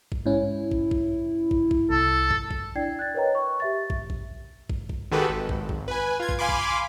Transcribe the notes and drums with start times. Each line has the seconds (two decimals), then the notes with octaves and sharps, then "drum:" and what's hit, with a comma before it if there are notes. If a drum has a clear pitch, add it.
0.12 drum: kick
0.26 G#2 C#4 E4
0.71 drum: kick
0.91 drum: kick
1.51 drum: kick
1.71 drum: kick
1.90 C2 A4
2.31 drum: kick
2.51 drum: kick
2.75 D4 E4 D5 G5 G#6 C7
2.99 F#6 G#6 A6
3.14 A#4 B4 C#5 D#5 G5 A#5
3.35 C#6
3.60 G4 E5 A6
3.90 drum: kick
4.10 drum: kick
4.70 drum: kick
4.89 drum: kick
5.11 D#3 G#3 F#4 G4 A4 B4
5.29 G#1
5.49 drum: kick
5.69 drum: kick
5.88 B4 G#5
6.20 F4 G#6
6.29 drum: kick
6.39 F5 G#5 B5 C6 D6
6.49 drum: kick